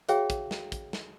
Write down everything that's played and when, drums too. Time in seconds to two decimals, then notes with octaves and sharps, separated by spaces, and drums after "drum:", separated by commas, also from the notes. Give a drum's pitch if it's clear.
0.09 F#4 G#4 C#5 E5 F5 G5, drum: hi-hat
0.30 drum: kick, hi-hat
0.51 drum: snare
0.72 drum: kick, hi-hat
0.93 drum: snare